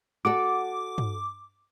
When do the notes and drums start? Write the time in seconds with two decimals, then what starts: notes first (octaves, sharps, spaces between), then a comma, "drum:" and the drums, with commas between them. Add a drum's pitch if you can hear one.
0.25 F#4 A4 D5 D6
0.98 drum: tom G2